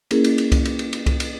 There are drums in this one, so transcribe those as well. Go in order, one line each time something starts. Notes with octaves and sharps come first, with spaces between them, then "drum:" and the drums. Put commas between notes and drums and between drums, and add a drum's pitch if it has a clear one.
A#3 C#4 E4 G#4 A#4, drum: cymbal
drum: cymbal
drum: cymbal
drum: kick C2, cymbal
drum: cymbal
drum: cymbal
drum: cymbal
drum: kick C2, cymbal
drum: cymbal